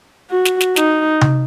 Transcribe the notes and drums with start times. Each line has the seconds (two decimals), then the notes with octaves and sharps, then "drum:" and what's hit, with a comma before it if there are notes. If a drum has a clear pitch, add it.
0.31 F#4
0.45 drum: snare
0.61 drum: snare
0.76 D#4, drum: snare
1.21 drum: tom C3